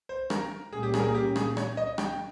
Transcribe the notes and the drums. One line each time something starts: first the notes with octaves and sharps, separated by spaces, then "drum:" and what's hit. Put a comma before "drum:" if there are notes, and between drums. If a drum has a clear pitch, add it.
C5
A#4, drum: rim click
A#2 G3 A#3 C#4 G#4
G4
G#4, drum: rim click
A#4
G#4
G4
G#4, drum: rim click
C#5, drum: rim click
D#5
G5, drum: rim click